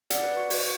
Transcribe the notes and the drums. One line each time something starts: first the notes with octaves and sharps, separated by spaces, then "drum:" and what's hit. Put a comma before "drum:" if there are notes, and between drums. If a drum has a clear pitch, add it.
D5 F#5, drum: hi-hat
B4 D5
F#4
F#4, drum: open hi-hat